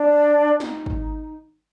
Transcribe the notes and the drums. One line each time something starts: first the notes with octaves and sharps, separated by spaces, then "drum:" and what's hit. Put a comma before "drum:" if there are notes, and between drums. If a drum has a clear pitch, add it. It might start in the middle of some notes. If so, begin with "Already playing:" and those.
Already playing: D4
D#4, drum: snare
drum: kick